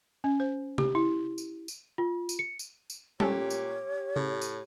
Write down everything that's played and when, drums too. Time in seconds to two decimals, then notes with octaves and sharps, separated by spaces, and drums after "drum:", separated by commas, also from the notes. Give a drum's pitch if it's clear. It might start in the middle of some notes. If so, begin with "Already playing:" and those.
0.24 C#4
0.40 C5
0.78 G4, drum: tom C3
0.95 E4
1.38 drum: tambourine
1.68 drum: tambourine
1.98 F4
2.29 drum: tambourine
2.39 C#7
2.59 drum: tambourine
2.90 drum: tambourine
3.20 A#2 C#4 G4 A4 C#5, drum: tom G3
3.50 drum: tambourine
4.16 A2 C#3
4.42 drum: tambourine